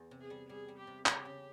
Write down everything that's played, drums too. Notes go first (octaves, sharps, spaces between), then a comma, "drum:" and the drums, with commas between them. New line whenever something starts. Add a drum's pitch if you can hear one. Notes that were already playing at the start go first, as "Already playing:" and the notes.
Already playing: E2
C3
G#4
G3
G3 G#4
G3
G4
C3
C#3 G4, drum: clap
C#3